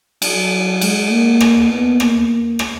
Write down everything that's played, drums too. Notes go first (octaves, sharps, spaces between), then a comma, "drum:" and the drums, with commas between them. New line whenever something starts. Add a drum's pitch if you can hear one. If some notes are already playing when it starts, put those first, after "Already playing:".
F#3, drum: cymbal
G#3, drum: cymbal
A#3
drum: rim click
B3
A#3, drum: rim click
drum: rim click